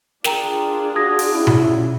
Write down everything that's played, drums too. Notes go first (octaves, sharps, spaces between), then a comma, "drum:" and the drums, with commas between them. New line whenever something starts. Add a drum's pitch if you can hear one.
D4 F4 G#4 A#4 G5 A#5, drum: snare
F#4 D#6 G#6 A#6
drum: open hi-hat
C#4 E4
drum: tom B2